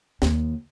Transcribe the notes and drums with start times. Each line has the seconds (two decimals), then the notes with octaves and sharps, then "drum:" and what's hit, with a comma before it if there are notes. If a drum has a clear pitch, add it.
0.22 D#2, drum: snare